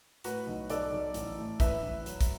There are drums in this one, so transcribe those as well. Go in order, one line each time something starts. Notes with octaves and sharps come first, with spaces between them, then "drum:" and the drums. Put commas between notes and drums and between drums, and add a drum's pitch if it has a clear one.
A2 F#4 B4, drum: hi-hat
B1
B1 A4 D5, drum: hi-hat
B1
A1, drum: hi-hat
A2
A1 B4 E5, drum: kick, hi-hat
A1
F#3, drum: hi-hat
drum: kick, hi-hat